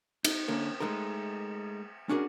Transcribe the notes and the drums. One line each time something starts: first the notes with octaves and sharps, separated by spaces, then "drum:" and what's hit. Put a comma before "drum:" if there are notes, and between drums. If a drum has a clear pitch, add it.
D#4, drum: cymbal
D3 A#3 C#4
G#3 A3 D#4 A#4
C#4 D4 F#4 G#4 A#4